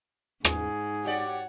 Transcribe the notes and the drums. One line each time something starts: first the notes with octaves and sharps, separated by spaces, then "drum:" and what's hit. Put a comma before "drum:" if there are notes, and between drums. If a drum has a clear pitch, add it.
G#2 G#4, drum: rim click
F#4 G4 C#5 D5 F#5